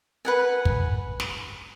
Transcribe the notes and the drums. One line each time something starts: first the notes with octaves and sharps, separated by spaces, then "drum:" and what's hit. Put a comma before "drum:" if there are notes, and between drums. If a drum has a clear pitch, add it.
B4 F#5 G#5
drum: kick
drum: snare